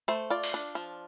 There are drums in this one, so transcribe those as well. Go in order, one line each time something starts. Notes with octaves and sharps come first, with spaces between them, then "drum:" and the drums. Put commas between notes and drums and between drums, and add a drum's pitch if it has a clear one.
A3 C5
F4 D5
drum: open hi-hat
D4
F3